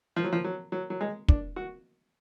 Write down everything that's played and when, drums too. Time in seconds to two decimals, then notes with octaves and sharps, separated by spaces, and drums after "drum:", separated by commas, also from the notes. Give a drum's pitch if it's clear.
0.16 F3
0.24 F#3
0.32 F3
0.44 F#3
0.72 F#3
0.90 F#3
1.01 G#3
1.28 D4, drum: kick
1.56 F#4